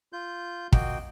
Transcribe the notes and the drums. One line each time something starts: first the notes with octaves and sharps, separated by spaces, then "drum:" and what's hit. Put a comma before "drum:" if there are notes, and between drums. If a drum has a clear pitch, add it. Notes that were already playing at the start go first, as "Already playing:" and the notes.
F4 G6
A#3 F#4 D#5 G5, drum: kick